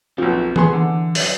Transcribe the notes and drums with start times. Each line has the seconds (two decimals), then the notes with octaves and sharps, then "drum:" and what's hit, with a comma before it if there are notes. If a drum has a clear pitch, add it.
0.18 B1 F3 C4 A4 A#4
0.56 B3 G#4 C6, drum: tom E3
0.73 D3 E3
1.15 F#3 B4 D5, drum: open hi-hat